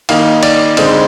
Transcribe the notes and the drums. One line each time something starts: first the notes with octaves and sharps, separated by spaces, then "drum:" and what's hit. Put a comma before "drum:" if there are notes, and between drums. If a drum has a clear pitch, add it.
D#3 A#3 D#4 F5, drum: cymbal
D5, drum: cymbal
D3 G#3 C4 D#4, drum: cymbal